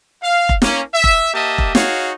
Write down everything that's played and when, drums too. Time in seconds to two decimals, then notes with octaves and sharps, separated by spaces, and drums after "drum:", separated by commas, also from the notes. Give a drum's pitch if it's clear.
0.22 F5
0.49 drum: kick F1
0.62 A#3 C#4, drum: snare
0.93 E5
1.04 drum: kick F1
1.33 A#3 G4 D#5 E5 A5
1.58 drum: kick F1
1.75 D#4 F#4 G#4 C#5 F5, drum: snare